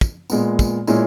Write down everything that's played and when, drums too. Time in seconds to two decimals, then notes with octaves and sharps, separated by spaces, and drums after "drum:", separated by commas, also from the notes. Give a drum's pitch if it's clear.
0.01 drum: kick, tambourine
0.30 A#2 G#3 B3, drum: tambourine
0.59 drum: kick, tambourine
0.87 A#2 G#3 C#4 E4, drum: tambourine